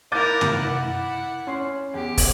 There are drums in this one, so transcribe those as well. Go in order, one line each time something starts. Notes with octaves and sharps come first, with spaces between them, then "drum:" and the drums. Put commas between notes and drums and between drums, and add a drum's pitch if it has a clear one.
E4 A#4 F5 D6 F#6 G6 A6 D#7
drum: tom
E4 F#5
C#4 C6 C7
E2 G4
drum: kick, open hi-hat